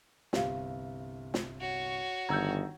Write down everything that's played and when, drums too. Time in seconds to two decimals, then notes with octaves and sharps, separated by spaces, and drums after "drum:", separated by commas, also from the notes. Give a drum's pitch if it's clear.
0.33 G1 C2 G4 F5, drum: snare
1.34 drum: snare
1.61 F#4 C#5
2.29 G1 D#3 A#5 E6 G6 G#6